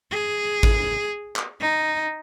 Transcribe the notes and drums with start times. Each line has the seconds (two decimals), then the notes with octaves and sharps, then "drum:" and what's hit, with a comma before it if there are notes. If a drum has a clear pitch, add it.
0.11 G#4
0.63 drum: kick G#1
1.36 drum: clap
1.60 D#4